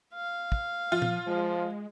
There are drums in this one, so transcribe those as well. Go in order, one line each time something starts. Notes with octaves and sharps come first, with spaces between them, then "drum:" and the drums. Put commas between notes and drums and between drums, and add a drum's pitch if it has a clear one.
F5
drum: kick
F3 F4
drum: tom A#2
F3 G#3